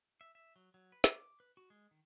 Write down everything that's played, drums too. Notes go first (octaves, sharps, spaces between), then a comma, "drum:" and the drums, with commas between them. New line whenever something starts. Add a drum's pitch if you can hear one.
E5
E5
F#3
F#3
B4
D6, drum: snare
B4
F#4
G#3
D#3